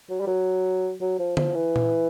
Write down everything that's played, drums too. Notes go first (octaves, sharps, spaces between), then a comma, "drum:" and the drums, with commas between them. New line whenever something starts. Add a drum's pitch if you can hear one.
F#3
G3
F#3
F#3
F3
F3, drum: tom D3
E3
drum: tom A#2